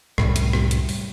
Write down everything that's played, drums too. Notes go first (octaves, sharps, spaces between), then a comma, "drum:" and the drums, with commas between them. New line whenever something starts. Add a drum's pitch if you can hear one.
C2 F#2 A2 G3, drum: rim click
drum: hi-hat
drum: rim click
drum: hi-hat
drum: open hi-hat